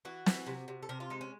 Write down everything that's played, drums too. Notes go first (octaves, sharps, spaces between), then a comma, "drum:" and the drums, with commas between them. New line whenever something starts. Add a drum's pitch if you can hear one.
E3 F#4
E3, drum: snare
C3
C3
A4
C3 A#4
F4
G#3 D#4
C#4